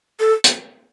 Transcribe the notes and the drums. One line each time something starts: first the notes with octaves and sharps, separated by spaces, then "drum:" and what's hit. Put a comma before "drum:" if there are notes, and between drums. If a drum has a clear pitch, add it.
A4
drum: hi-hat